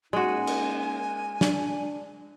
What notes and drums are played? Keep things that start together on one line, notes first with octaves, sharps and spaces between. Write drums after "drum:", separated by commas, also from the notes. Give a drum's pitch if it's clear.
G#3 A#3 C#4 D#4 F#4 G#5
drum: cymbal
D4, drum: snare